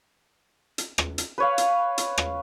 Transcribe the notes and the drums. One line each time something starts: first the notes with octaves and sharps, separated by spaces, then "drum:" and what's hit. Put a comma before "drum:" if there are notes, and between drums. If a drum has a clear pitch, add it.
drum: hi-hat
drum: rim click
drum: hi-hat
B4 C#5 F5
drum: hi-hat
drum: hi-hat
drum: rim click